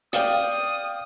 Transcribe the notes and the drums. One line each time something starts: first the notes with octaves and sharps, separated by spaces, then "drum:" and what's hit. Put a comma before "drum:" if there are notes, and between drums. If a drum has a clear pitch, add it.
D5 F5 G5 D#6, drum: hi-hat